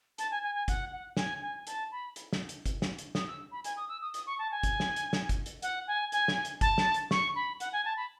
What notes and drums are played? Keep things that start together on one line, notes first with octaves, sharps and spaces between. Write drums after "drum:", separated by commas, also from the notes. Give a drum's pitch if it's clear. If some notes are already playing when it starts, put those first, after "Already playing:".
A5, drum: hi-hat
G#5
G#5
G#5
F#5, drum: kick, hi-hat
F#5
G#5, drum: snare
G#5
A5, drum: hi-hat
B5
drum: hi-hat
drum: snare
drum: hi-hat
drum: kick, hi-hat
drum: snare
drum: hi-hat
D#6, drum: snare
E6
B5
G#5, drum: hi-hat
D#6
E6
D#6
D#6, drum: hi-hat
C#6
A5
G#5
drum: kick, hi-hat
drum: snare
drum: hi-hat
drum: snare
drum: kick, hi-hat
drum: hi-hat
F#5, drum: hi-hat
G#5
G#5, drum: hi-hat
drum: snare
drum: hi-hat
A5, drum: kick, hi-hat
drum: snare
drum: hi-hat
C#6, drum: snare
B5
F#5, drum: hi-hat
G#5
A5
B5